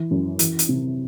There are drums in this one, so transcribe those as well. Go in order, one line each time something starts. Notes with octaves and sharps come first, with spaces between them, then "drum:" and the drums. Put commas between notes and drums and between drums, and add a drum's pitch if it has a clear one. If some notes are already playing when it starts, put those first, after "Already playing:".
Already playing: E3
F#2
E3, drum: hi-hat
drum: hi-hat
C3